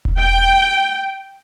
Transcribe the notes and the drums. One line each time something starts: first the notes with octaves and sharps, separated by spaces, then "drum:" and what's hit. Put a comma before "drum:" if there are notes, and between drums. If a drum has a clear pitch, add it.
drum: kick E1
G5